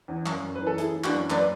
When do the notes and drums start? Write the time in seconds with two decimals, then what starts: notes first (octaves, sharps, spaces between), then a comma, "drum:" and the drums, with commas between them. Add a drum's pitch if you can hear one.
0.08 E2
0.26 F#2, drum: clap
0.43 F#2
0.55 B4
0.61 E3
0.67 A4
0.78 E3 E4 G#4, drum: hi-hat
0.95 E3
1.04 D4 F#4, drum: clap
1.13 F#2
1.30 F#3 B4 D5, drum: clap